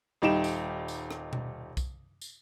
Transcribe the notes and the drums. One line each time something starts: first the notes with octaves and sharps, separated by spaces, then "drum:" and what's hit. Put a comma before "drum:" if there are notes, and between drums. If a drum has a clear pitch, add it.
D#1 G3 D#4 G4 D7 E7
drum: tambourine
drum: tambourine
drum: rim click
drum: tom B2
drum: kick B1, tambourine
drum: tambourine